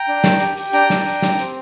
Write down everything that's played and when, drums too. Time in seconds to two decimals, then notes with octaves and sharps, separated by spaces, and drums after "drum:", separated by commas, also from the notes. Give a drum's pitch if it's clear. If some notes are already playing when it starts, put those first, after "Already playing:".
Already playing: G5 A#5
0.08 D4
0.24 G4, drum: snare
0.40 G4, drum: hi-hat
0.57 G4, drum: open hi-hat
0.73 D4 G5 A#5, drum: hi-hat
0.90 D4, drum: snare
1.06 D4, drum: open hi-hat
1.22 G4, drum: snare
1.39 C4, drum: hi-hat